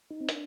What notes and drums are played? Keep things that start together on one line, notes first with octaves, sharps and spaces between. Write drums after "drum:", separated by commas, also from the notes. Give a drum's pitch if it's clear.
D#4
C4
D4, drum: hi-hat